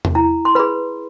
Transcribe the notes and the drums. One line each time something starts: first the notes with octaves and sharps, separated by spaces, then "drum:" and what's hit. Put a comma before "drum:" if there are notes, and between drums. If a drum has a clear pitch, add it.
drum: tom E2
E4 A#5
C6
G#4 B4 B5